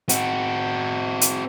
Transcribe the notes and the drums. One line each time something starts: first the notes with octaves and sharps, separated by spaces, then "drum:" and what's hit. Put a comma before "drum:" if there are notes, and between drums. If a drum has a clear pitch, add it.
C4 F#4, drum: hi-hat
drum: hi-hat